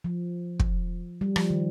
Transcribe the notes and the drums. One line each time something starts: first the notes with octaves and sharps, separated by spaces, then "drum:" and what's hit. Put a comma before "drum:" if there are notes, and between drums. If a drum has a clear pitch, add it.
F3
drum: kick
G3
F3, drum: rim click
D#3